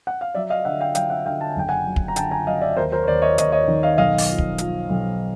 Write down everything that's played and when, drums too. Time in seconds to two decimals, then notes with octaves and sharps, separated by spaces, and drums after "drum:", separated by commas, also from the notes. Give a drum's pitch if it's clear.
0.07 F#5
0.21 F5
0.35 F#3 D5 E5
0.50 D#5 F5
0.65 D3 E5 F#5
0.80 F5 G5
0.95 F#3 F5 G5, drum: hi-hat
1.10 E5 F#5
1.26 D3 F5 G5
1.41 A5
1.50 G#5
1.56 F#1 G5
1.69 F#5 G#5
1.87 F#3
1.96 drum: kick
2.08 A#5
2.16 D3 G5 A5, drum: hi-hat
2.31 G#5 A#5
2.47 F#3 D#5 F5
2.61 D5 E5
2.77 D#2 A#4 C5
2.92 A#4 C5
3.03 C#5
3.07 D#2 C5 D5
3.22 C#5 D#5
3.38 D#2 C#5 D#5, drum: hi-hat
3.52 C#5 D#5
3.68 D#3
3.83 D#5 F5
3.98 B1 D#5 F5
4.18 drum: open hi-hat
4.29 F3
4.38 drum: kick
4.58 F3, drum: hi-hat
4.89 B1